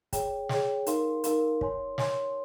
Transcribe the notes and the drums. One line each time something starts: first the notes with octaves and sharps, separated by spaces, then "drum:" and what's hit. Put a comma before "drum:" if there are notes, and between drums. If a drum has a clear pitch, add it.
G#4 C#5 G5, drum: kick, hi-hat
G#4 C#5 G5, drum: snare
D#4 A#4 F5 C6, drum: hi-hat
D#4 A#4 F5 C6, drum: hi-hat
C#5 G#5 C6, drum: kick
C#5 G#5 C6, drum: snare